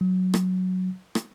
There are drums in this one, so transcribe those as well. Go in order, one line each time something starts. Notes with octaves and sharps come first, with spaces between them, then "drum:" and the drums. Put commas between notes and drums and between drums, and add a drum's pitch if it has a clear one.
F#3
drum: rim click
drum: rim click